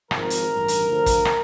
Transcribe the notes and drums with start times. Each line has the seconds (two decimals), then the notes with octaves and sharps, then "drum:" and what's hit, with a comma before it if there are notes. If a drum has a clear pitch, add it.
0.11 G#1 G#2 F3 A#4, drum: rim click
0.30 drum: hi-hat
0.49 A1 G2 D#3
0.68 drum: hi-hat
0.87 D2 D3 F3
1.06 drum: kick, hi-hat
1.25 drum: rim click